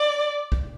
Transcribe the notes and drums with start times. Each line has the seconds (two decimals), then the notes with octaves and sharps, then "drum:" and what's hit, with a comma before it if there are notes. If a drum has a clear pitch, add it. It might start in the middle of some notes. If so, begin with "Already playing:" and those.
Already playing: D5
0.52 drum: kick